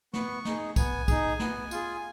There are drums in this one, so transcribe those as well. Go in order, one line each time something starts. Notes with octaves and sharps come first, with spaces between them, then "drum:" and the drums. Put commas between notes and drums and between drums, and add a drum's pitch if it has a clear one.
B3 C#6, drum: snare
D#4 G#4, drum: snare
B3 G#5, drum: kick, tambourine
D#4 G#4, drum: kick, tambourine
B3, drum: snare
F4 G#4, drum: tambourine